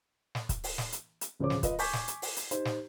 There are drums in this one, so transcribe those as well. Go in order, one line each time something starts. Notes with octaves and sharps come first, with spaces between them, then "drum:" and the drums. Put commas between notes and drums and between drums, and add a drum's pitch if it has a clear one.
drum: snare
drum: kick, hi-hat
drum: open hi-hat
drum: snare
drum: hi-hat
drum: hi-hat
D1 C#3 F3 C5 C#5 D6
drum: snare
F4 B4 D#5, drum: kick, hi-hat
G#5 C#6 D6 G6 G#6 B6, drum: open hi-hat
drum: snare
drum: hi-hat
drum: open hi-hat
drum: hi-hat
D#4 G4 C5, drum: hi-hat
drum: snare